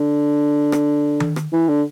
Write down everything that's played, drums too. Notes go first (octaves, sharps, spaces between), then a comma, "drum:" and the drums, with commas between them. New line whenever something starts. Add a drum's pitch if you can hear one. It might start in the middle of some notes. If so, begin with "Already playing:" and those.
Already playing: D3
drum: rim click
drum: tom D#3
drum: rim click
E3
D3